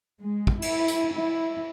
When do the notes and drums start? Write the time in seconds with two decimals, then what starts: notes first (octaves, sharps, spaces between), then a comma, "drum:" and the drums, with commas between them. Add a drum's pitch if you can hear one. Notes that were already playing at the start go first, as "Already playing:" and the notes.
0.20 G#3
0.47 drum: kick
0.62 E4, drum: cymbal
0.88 drum: tambourine
1.15 E4